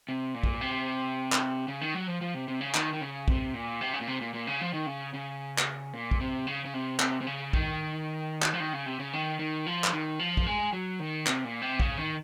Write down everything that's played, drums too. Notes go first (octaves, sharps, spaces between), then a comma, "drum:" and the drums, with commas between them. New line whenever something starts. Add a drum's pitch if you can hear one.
C3
A#2
drum: kick
C3
drum: clap
C#3
D#3
F#3
F3
F3
C3
C3
C#3
D#3, drum: clap
D#3
C#3
C3, drum: kick
A#2
C3
C#3
A#2
C3
A#2
A#2
C#3
F3
D#3
C#3
C#3
drum: clap
A#2
drum: kick
C3
C#3
C#3
C3
C3, drum: clap
C3
C#3
D#3, drum: kick
drum: clap
F3
D#3
C#3
C3
C#3
D#3
D#3
F3
drum: clap
D#3
F3
drum: kick
G#3
F#3
D#3
C3, drum: clap
A#2
C3
C#3, drum: kick
D#3